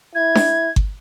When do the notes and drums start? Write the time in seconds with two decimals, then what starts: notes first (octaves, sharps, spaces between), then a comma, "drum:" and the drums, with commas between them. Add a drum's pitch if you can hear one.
0.15 E4 G#6
0.35 drum: snare D4
0.76 drum: kick G1